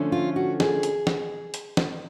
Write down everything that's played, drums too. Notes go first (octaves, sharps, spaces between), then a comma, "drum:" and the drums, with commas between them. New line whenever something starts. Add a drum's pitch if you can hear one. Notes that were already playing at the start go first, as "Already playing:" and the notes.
Already playing: D3 F3 A3 C#4
F4
F#4
G#4, drum: snare
drum: hi-hat
drum: snare
drum: hi-hat
drum: snare